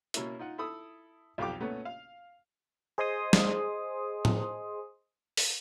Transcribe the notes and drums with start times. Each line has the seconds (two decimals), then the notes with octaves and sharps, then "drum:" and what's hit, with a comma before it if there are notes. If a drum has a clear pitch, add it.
0.14 B2 A#3 C#4 E4, drum: hi-hat
0.39 D#4 F4 F#5
0.58 E4 A4 B5 D#6
1.38 B1 F2 G4 F5 G5 D6
1.60 A#2 A3 B3 C#4
1.85 F5
2.98 G#4 C5 D#5 G#5 C6 D#6
3.33 drum: snare
4.25 drum: tom A2
5.37 drum: open hi-hat